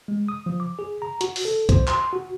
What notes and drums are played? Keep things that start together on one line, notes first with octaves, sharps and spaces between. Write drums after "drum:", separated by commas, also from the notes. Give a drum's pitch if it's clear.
G#3
D#6
F3
D6
G#4
A#5
F#4, drum: hi-hat
drum: open hi-hat
A4
C5, drum: kick, hi-hat
C6, drum: clap
F#4